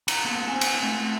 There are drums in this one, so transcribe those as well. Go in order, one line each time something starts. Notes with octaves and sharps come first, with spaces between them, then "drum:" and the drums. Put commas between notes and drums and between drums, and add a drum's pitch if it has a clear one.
A#5, drum: cymbal
A#3 B3
C4 G#5
drum: cymbal
A3